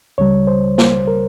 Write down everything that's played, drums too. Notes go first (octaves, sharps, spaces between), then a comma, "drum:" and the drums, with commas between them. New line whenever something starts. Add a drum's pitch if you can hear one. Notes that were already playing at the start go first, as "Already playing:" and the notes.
C#2 C#3 G3 C#5
C5
C5, drum: snare
A#4